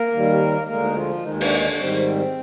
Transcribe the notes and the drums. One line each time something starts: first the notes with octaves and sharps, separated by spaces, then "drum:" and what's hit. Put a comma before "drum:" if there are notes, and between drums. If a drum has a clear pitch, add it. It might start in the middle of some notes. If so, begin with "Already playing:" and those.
Already playing: A#3 A#4
D#2 D#3 G3
D2 D3 G#3 A#3 A#4
D#4
F3 F4
D#2 D#3 G#3 D#4
D#4
D3 D4, drum: open hi-hat
D3 D4
G#2 D#3 G3 C4